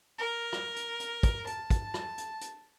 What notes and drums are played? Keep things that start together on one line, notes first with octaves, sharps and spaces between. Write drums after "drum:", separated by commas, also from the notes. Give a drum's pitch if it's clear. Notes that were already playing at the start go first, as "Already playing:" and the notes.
A#4
drum: rim click
drum: hi-hat
drum: hi-hat
drum: kick, hi-hat
A5, drum: hi-hat
drum: kick, hi-hat
drum: rim click
drum: hi-hat
drum: hi-hat